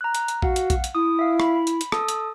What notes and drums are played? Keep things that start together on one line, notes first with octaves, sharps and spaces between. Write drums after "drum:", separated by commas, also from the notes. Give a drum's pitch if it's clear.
A#5 F#6
drum: hi-hat
drum: hi-hat
F#4 F5 F#5, drum: kick A#1
drum: hi-hat
drum: kick A#1, hi-hat
drum: hi-hat
E4 D#6
E5 F5
B5, drum: rim click
drum: hi-hat
drum: hi-hat
A4 A5 D#6, drum: rim click
drum: hi-hat